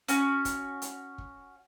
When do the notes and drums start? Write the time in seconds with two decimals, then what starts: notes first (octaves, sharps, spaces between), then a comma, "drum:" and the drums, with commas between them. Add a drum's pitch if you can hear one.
0.08 C#4 F#4, drum: hi-hat
0.45 drum: kick, hi-hat
0.82 drum: hi-hat
1.18 drum: kick